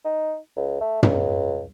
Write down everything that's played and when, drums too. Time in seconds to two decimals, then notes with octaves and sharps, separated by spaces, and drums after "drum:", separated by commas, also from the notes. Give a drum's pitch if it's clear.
0.05 D#4
0.57 C#2
0.81 A3
1.03 C#2, drum: tom